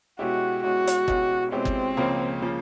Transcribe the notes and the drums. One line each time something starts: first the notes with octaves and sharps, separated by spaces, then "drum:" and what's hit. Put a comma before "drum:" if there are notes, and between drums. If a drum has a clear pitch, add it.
B2 G#3 C#4 E4 F#4 G4
B2 G#3 C#4 E4 F#4 G4
drum: hi-hat
B2 G#3 C#4 E4 G4, drum: kick
B2 G#3 C4 C#4 E4 G4
drum: kick
C#2 C#3 F3 A#3 C#4
C#3 F3 A#3 C#4